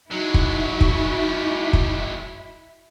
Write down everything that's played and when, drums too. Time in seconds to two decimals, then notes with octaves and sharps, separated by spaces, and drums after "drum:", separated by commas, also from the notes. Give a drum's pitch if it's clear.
0.11 F#3 G#3 D#4 E4 F#4
0.34 drum: kick
0.81 drum: kick
1.73 drum: kick